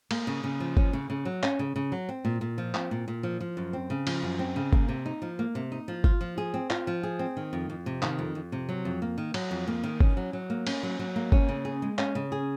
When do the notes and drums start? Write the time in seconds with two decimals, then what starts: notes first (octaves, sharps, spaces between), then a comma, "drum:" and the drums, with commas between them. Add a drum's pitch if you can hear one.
0.11 A#3, drum: cymbal
0.27 C#3
0.44 C#3
0.60 F3
0.77 C#4, drum: kick G1
0.93 C#3
1.10 C#3
1.25 F#3
1.43 C#4, drum: clap
1.59 C#3
1.76 C#3
1.92 F#3
2.09 C4
2.25 A#2
2.41 A#2
2.58 F3
2.74 C4, drum: clap
2.91 A#2
3.08 A#2
3.23 F3
3.41 F3
3.57 F#2
3.73 C4
3.90 C#3
4.07 F3, drum: cymbal
4.23 F#2
4.39 C4
4.56 C#3
4.73 A#3, drum: kick G1
4.88 C3
5.06 D#4
5.22 F3
5.39 A#3
5.55 C3
5.72 D#4
5.88 F3
6.04 F4, drum: kick G1
6.21 F3
6.38 G#4
6.54 C4
6.70 F4, drum: clap
6.87 F3
7.03 G#4
7.19 C4
7.37 D#3
7.53 F2
7.70 F2
7.86 C3
8.02 D#3, drum: clap
8.19 F2
8.35 F2
8.52 C3
8.69 F#3
8.85 F2
9.02 A#3
9.18 D#3
9.34 F#3, drum: cymbal
9.51 F2
9.68 A#3
9.84 D#3
10.00 C#4, drum: kick G1
10.17 F#3
10.33 F#3
10.50 A#3
10.67 C#4, drum: cymbal
10.83 F#3
10.99 F#3
11.16 A#3
11.32 C#4, drum: kick G1
11.49 C#3
11.65 G#4
11.82 G#3
11.98 C#4, drum: clap
12.15 C#3
12.32 G#4